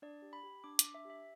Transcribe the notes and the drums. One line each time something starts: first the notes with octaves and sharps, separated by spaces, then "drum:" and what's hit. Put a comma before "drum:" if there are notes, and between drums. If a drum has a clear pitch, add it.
D4 D5
G4
B5
G4
D4 D6
D6, drum: hi-hat
D4
E5
G4 E5